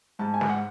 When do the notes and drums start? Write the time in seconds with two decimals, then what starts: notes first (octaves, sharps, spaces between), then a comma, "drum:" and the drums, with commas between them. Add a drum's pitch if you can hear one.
0.19 G#2 A5
0.34 G#5
0.41 G#2, drum: snare
0.49 F#5